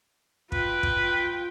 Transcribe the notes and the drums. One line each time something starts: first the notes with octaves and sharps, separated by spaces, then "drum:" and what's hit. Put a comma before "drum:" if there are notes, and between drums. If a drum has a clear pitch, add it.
F4 B4 G5, drum: kick
drum: kick